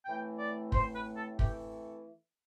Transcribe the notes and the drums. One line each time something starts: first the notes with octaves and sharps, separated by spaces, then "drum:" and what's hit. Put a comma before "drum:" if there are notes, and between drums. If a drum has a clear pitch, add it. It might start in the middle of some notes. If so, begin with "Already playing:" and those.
A2 E3 A3 C4 G5
D5
A2 E3 A3 C4 C5, drum: kick
B4
A4
E3 A3 C4 G4, drum: kick